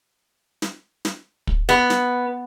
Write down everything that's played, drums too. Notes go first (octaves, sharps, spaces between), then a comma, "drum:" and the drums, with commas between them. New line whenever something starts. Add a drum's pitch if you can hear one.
drum: snare
drum: snare
drum: kick
B3
drum: snare